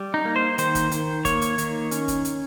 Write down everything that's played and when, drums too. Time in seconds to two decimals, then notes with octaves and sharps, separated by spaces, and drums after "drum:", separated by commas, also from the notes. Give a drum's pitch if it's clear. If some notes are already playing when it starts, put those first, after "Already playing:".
Already playing: G3
0.14 D#4
0.25 A#3
0.36 C5
0.58 D#3 C5, drum: hi-hat
0.75 drum: kick, hi-hat
0.91 D#3, drum: hi-hat
1.25 A#3 C#5, drum: kick, hi-hat
1.42 drum: hi-hat
1.58 D#3, drum: hi-hat
1.91 C#4, drum: hi-hat
2.08 drum: kick, hi-hat
2.25 drum: hi-hat